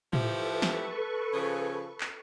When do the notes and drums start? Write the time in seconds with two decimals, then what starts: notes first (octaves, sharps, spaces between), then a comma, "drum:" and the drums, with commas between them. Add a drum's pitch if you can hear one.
0.13 F3 E4 G4 A4 B4 C#6, drum: tom A2
0.62 drum: snare
1.34 C#3 F3 G#4
2.01 drum: clap